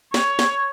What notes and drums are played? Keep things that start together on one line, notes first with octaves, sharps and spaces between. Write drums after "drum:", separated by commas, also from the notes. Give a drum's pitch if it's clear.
C#5, drum: snare
drum: snare